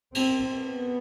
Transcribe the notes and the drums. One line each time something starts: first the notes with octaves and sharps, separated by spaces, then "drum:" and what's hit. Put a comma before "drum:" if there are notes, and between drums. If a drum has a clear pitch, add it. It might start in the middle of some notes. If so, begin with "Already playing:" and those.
C4, drum: cymbal
B3